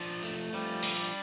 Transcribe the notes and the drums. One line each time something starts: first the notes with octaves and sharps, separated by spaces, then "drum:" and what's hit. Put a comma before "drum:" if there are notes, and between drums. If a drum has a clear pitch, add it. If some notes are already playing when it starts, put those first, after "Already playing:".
Already playing: F3 D4
A3, drum: open hi-hat
F3 G3
D4, drum: cymbal